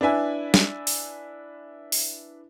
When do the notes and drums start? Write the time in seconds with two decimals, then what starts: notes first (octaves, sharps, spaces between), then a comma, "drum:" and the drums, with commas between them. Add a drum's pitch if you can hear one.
0.01 D4 E4 B4 E5 G#5
0.54 drum: snare
0.87 drum: open hi-hat
1.92 drum: open hi-hat